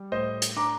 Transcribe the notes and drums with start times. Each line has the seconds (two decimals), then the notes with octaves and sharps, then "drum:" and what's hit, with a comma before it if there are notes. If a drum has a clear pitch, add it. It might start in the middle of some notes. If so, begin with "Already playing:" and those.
Already playing: G3
0.12 A2 C5 D#5
0.42 drum: hi-hat
0.56 D4 A#5 D6